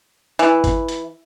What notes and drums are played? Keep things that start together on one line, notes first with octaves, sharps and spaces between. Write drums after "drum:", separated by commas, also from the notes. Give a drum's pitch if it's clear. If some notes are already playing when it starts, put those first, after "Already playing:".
E3, drum: hi-hat
drum: kick G#1, hi-hat
drum: hi-hat